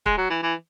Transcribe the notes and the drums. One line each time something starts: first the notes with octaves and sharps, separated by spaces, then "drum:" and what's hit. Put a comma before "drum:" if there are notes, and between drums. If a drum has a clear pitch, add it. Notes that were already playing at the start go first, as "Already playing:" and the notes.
G#3, drum: kick
F#3
E3
E3